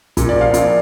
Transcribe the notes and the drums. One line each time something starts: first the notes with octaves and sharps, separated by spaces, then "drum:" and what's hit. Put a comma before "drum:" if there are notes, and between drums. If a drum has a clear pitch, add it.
A#2, drum: kick, hi-hat
D5
F3
F5
A#2 D5, drum: hi-hat